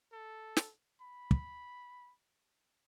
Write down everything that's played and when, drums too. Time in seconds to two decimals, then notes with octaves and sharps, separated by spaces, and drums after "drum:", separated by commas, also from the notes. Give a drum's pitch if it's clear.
0.12 A4
0.57 drum: snare
1.01 B5
1.31 drum: kick